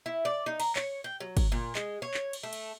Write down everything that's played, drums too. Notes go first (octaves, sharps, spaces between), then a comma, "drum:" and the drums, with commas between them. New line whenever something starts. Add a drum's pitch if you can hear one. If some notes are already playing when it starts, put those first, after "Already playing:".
E4
D5
D#4
A#5, drum: cymbal
C#5, drum: clap
G5
F#3
drum: kick, cymbal
A#2
G#3, drum: clap
C#5
drum: clap
drum: cymbal
A3
drum: cymbal